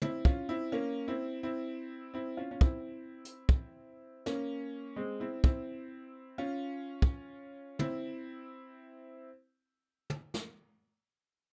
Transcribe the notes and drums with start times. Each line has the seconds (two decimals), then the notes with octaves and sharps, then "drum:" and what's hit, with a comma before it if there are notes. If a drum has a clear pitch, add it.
0.02 C4 E4, drum: tom
0.25 C#4 F4, drum: kick
0.49 C4 E4
0.72 A#3 C#4
1.08 C4 E4
1.43 C4 E4
2.14 C4 E4
2.37 C#4 F4
2.51 C#4
2.61 C4 E4, drum: kick
3.25 drum: hi-hat
3.49 drum: kick
4.26 A#3 C#4, drum: snare
4.96 G#3 C4
5.20 C4 E4
5.44 C4 E4, drum: kick
6.38 C#4 F4
7.02 drum: kick
7.79 C4 E4, drum: tom
10.10 drum: tom
10.34 drum: snare